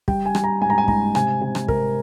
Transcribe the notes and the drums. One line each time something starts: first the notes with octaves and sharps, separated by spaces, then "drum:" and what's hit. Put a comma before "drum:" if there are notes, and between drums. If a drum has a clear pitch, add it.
G3 G5, drum: kick
G#5
G3, drum: rim click
A#5
G#2 G#5
A#5
G#5
G#2 A#5, drum: kick
C3 G#5, drum: rim click
C3 G#5
drum: rim click
C3 A#4, drum: kick